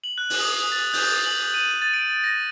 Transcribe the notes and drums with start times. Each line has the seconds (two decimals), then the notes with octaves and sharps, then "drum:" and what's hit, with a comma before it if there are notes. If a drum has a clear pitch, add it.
0.04 F#7
0.18 F#6
0.30 drum: open hi-hat
0.40 D#6
0.60 D#6
0.72 A6
0.94 G6, drum: open hi-hat
1.12 F7
1.25 F#7
1.54 D#7
1.82 A6
1.94 D7
2.24 A#6